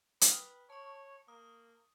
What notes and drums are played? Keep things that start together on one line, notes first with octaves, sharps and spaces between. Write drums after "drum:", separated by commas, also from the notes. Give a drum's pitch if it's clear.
B4 G5 D#6 F6, drum: hi-hat
C#5 A5 C#6
A#3 D#6